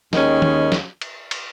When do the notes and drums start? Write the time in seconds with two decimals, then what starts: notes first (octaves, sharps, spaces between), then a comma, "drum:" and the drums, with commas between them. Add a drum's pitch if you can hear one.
0.13 D#2 D#3 G#3 C#4, drum: snare
0.42 drum: tom
0.72 drum: snare
1.01 drum: cymbal
1.31 drum: cymbal